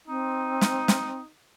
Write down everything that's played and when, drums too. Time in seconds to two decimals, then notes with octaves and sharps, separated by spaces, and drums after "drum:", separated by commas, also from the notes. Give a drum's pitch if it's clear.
0.08 C4 D#4
0.61 drum: snare
0.88 drum: snare